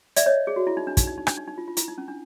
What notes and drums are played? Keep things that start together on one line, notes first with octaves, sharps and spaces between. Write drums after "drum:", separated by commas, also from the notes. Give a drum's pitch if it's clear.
D5 E5, drum: hi-hat
C#5 D#5
G#4
F#4
E4
D#4
D4
D#4, drum: kick, hi-hat
D#4
D#4
D4, drum: rim click
D#4
D#4
F4
F4
E4, drum: hi-hat
D#4
C#4
D4